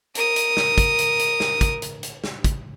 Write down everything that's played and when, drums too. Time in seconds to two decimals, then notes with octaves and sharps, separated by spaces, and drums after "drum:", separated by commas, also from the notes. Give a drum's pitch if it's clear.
0.15 A#4 D#6, drum: hi-hat
0.36 drum: hi-hat
0.57 drum: snare
0.78 drum: kick, hi-hat
0.98 drum: hi-hat
1.19 drum: hi-hat
1.40 drum: snare
1.61 drum: kick, hi-hat
1.82 drum: hi-hat
2.03 drum: hi-hat
2.24 drum: snare
2.44 drum: kick, hi-hat